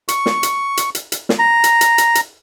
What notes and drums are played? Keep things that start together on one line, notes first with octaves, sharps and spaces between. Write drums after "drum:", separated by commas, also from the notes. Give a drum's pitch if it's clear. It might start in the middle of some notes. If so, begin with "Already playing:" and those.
C#6, drum: hi-hat
drum: snare
drum: hi-hat
drum: hi-hat
drum: hi-hat
drum: hi-hat
drum: snare
A#5
drum: hi-hat
drum: hi-hat
drum: hi-hat
drum: hi-hat